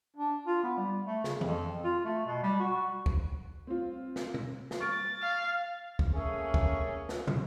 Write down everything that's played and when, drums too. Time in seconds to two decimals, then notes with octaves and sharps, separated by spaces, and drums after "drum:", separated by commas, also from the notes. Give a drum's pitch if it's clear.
0.16 D4
0.46 F4
0.63 B3
0.77 G3
1.06 A3
1.24 C#3, drum: snare
1.41 F2, drum: tom E3
1.84 F4
2.04 A3
2.26 B2
2.43 G3
2.60 F#4
3.06 drum: kick
3.67 C4 F4
4.16 drum: snare
4.34 drum: tom B2
4.71 drum: snare
4.80 C#6 F6 A6 D7
5.22 F5
5.99 drum: kick
6.14 A3 A#3 C#4 G#4
6.54 drum: kick
7.09 drum: snare
7.27 drum: tom